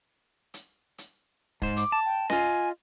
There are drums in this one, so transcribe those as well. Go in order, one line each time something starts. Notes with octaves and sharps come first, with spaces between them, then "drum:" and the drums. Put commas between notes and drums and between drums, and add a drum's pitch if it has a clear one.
drum: hi-hat
drum: hi-hat
G#2 C5, drum: kick
D6, drum: hi-hat
A5
G5
F4 D#5 G#5, drum: snare C#4